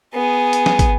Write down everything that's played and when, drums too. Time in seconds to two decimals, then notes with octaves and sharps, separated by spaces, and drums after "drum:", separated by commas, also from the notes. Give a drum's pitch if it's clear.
0.14 B3 G#4
0.53 drum: hi-hat
0.66 drum: snare
0.79 drum: kick, hi-hat